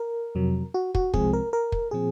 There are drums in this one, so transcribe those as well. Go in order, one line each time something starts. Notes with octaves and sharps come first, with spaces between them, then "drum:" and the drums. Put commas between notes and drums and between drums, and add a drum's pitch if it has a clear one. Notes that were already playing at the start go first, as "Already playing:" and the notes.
Already playing: A#4
F2 C3 F#3
F#4
F#4, drum: kick
C2 C3 F3 G#3 C4 G#4, drum: kick
A#4
A#4
drum: kick
A#2 F3 C4 G#4